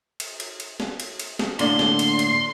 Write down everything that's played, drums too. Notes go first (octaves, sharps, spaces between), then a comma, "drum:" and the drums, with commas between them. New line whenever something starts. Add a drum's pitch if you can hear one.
drum: cymbal
drum: cymbal
drum: cymbal
drum: snare
drum: cymbal
drum: cymbal
drum: snare
A2 D3 A#3 D4 D5 C6, drum: cymbal
drum: snare
drum: cymbal
drum: cymbal